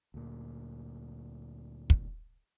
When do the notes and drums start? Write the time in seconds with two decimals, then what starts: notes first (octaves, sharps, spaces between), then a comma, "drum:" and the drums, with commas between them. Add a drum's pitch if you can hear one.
0.14 D2 A#2
1.90 drum: kick